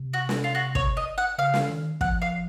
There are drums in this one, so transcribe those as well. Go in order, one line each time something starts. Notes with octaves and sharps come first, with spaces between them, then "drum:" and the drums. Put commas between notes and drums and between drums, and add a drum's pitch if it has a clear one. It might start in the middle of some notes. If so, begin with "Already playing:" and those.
Already playing: C3
F#4
drum: snare
F4
F#4
C#5, drum: kick
D#5
F#5
C#3 F5
drum: snare
D#3
F3 F#5, drum: kick
F5